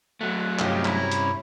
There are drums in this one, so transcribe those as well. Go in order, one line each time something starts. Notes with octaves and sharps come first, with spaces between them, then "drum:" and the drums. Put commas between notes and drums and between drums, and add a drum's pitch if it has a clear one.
F#3 A3 F#5
G2 C3 C#4 D#4 F4 G4, drum: clap
E4 A#5 B5, drum: clap
drum: hi-hat